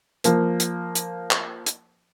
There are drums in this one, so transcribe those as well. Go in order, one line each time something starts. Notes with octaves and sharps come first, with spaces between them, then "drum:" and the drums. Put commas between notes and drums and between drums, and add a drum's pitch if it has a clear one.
F3 A#3, drum: hi-hat
drum: hi-hat
drum: hi-hat
drum: clap
drum: hi-hat